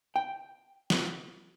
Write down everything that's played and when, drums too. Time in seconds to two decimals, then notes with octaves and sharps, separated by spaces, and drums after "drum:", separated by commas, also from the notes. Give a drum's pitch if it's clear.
0.16 G5
0.90 drum: snare